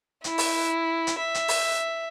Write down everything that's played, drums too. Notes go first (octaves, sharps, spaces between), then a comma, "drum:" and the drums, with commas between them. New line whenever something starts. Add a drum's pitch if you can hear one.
E4, drum: hi-hat
drum: open hi-hat
drum: hi-hat
E5
drum: hi-hat
drum: open hi-hat